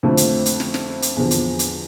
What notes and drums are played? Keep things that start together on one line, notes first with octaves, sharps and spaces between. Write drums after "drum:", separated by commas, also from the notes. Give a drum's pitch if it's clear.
F2 D3 F3 A3 C4
drum: hi-hat
drum: hi-hat
drum: snare
drum: snare
drum: hi-hat
E2 D3 F3
drum: hi-hat
drum: hi-hat